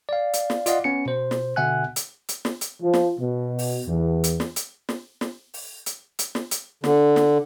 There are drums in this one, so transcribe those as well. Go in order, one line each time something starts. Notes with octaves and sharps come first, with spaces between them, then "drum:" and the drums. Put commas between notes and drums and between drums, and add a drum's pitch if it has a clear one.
D5 F5
drum: hi-hat
drum: snare
F4 D5 D#5 F5 F#5, drum: hi-hat
B3 C#4 C#7
B2 C5
drum: snare
B2 D3 E5 F#5 G#5 F#6
drum: hi-hat
drum: hi-hat
drum: snare
drum: hi-hat
F3
drum: snare
B2
drum: open hi-hat
E2
drum: hi-hat
drum: snare
drum: hi-hat
drum: snare
drum: snare
drum: open hi-hat
drum: hi-hat
drum: hi-hat
drum: snare
drum: hi-hat
D3, drum: snare
drum: snare